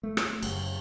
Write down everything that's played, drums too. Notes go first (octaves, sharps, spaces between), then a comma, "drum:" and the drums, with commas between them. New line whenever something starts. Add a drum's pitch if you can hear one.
A3
drum: rim click
F#1, drum: cymbal